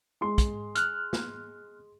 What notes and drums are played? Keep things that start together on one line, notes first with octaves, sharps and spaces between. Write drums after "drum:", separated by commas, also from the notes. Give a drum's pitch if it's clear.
G#3 C6
drum: kick, hi-hat
F6 F#6, drum: hi-hat
drum: snare